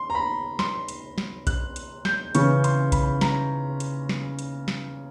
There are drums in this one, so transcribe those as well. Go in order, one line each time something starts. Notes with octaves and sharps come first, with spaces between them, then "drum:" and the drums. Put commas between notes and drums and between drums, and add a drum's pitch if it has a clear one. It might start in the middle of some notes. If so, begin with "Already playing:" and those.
Already playing: C6
A#5
B5
C6, drum: snare
drum: hi-hat
drum: snare
F#6, drum: kick B1, hi-hat
drum: hi-hat
G6, drum: snare
C#3 E3 C#6, drum: hi-hat
C6, drum: hi-hat
B5, drum: kick B1, hi-hat
A#5, drum: snare
drum: hi-hat
drum: snare
drum: hi-hat
drum: snare